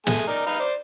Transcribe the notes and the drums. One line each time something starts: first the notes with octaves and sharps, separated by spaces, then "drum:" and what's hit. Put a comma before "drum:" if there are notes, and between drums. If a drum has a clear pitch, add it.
G#3 A3 G#5, drum: snare
D#4 A#4 D5
D#4 B4 F5
C5 D5